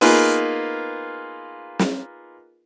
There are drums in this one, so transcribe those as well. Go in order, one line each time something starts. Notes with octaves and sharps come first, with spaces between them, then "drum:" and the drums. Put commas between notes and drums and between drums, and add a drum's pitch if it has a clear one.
A#3 B3 D#4 F4 G#4 B4, drum: open hi-hat
drum: snare